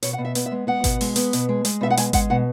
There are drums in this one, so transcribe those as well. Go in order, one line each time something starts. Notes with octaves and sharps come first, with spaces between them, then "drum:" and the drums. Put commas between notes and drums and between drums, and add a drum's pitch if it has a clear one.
B2 C#5, drum: hi-hat
F#5
B2
E5
B3, drum: hi-hat
E5
G#3
B3 F#5
B2, drum: kick G#1, hi-hat
G#3, drum: open hi-hat
B3, drum: hi-hat
B2, drum: hi-hat
G#3
G#3, drum: hi-hat
B2 E5
F#5
G#3 G#5, drum: hi-hat
G#3 F#5, drum: kick G#1, hi-hat
B2 F#5